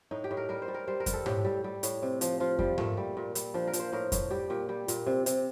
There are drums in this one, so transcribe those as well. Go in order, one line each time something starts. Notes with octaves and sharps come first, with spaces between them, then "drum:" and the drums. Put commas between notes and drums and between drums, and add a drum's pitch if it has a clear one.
A2 D#4
G4
A2
A#4
G3 A#4
C5
G3
A#4
G3 C5
A#4
G3, drum: kick F2, hi-hat
A4
A2 G4, drum: tom G#2
G3
G3
A2, drum: hi-hat
C3
F3, drum: hi-hat
F3 F4
F3 G3, drum: kick F2
A#2 A3, drum: tom G#2
G3
A#2
G3, drum: hi-hat
F3 D4
A#4
F3, drum: hi-hat
C5
A2 A#4
A2, drum: kick F2, hi-hat
G3 G4
A#2 G4
G3 G4
A#2, drum: hi-hat
C3
C3, drum: hi-hat